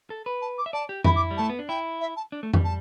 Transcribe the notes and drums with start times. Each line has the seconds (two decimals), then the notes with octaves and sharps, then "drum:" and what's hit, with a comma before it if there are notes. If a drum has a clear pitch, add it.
0.10 A4
0.26 B4
0.41 A5
0.58 D6
0.66 E5
0.73 D5 A5
0.89 G4
1.04 E4 B5, drum: tom F2
1.15 D6
1.31 G3
1.37 A3 A5
1.49 B3
1.59 D4
1.68 E4 G5
2.00 E5
2.16 A5
2.32 D4
2.43 A3
2.53 G3, drum: tom F2
2.64 A5